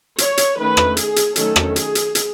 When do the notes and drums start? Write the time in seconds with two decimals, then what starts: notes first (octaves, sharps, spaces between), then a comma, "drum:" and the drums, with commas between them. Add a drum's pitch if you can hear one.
0.18 C#5, drum: hi-hat
0.37 drum: hi-hat
0.57 D#3 A3 C#4 B4
0.77 drum: rim click
0.97 G#4, drum: hi-hat
1.16 drum: hi-hat
1.36 D#3 F#3 A3 C#4 A4, drum: hi-hat
1.56 drum: rim click
1.76 G#4, drum: hi-hat
1.95 drum: hi-hat
2.15 drum: hi-hat